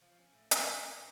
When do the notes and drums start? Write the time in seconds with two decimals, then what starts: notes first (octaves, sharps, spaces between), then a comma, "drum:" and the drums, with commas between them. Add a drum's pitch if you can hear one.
0.01 F3
0.19 C#4
0.33 A2
0.51 E4, drum: hi-hat
0.67 B2
0.82 G#5
0.95 B4